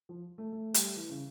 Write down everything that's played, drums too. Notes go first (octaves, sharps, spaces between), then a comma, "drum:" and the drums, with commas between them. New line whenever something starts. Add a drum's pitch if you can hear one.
F3
A3
A3
G3, drum: hi-hat
E3
C#3